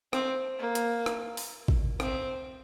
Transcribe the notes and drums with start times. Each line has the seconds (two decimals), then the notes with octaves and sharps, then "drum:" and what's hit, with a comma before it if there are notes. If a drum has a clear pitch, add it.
0.13 C4, drum: rim click
0.60 A#3
0.75 drum: hi-hat
1.06 drum: rim click
1.37 drum: open hi-hat
1.68 drum: kick
2.00 C4, drum: rim click